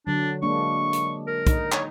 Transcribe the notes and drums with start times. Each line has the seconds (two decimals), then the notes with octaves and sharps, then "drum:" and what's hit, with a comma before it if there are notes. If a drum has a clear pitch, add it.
0.07 D3 F#3 D4
0.42 G#3 A#3 D4 C#6
0.93 drum: hi-hat
1.27 A#4
1.47 D#4, drum: kick, hi-hat
1.72 C#5, drum: clap